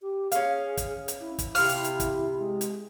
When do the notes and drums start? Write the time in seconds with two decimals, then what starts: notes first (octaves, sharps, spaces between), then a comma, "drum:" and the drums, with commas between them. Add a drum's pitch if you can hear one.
0.01 G4
0.32 C#4 G#4 F5, drum: hi-hat
0.77 drum: kick, hi-hat
1.08 drum: hi-hat
1.20 E4
1.39 drum: kick, hi-hat
1.55 C3 F5 F6, drum: open hi-hat
1.69 drum: hi-hat
1.84 drum: hi-hat
2.00 drum: kick, hi-hat
2.39 G#3
2.61 drum: hi-hat